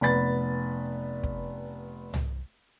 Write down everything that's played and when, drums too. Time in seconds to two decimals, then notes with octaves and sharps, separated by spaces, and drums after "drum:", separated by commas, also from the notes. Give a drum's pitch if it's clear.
0.01 F1 B3 B5 A6
1.24 drum: kick
2.14 drum: tom C2